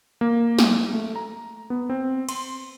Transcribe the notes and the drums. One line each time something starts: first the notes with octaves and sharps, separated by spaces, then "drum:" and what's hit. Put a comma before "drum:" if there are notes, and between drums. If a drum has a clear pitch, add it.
A#3
drum: snare
A3
A#5
B3
C4
C6, drum: cymbal